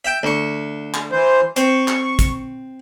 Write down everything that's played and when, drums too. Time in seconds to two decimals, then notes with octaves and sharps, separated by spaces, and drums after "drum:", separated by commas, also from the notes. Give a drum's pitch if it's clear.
0.05 E5 G5
0.23 D2 C#6
0.94 drum: clap
1.12 E3 C5
1.56 C4 C#6, drum: hi-hat
1.88 drum: clap
2.19 drum: kick, hi-hat